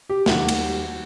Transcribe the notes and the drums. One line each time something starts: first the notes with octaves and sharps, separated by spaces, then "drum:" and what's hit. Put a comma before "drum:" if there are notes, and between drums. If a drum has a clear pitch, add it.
G4
D#2 D#3 G3 F#4, drum: snare
drum: cymbal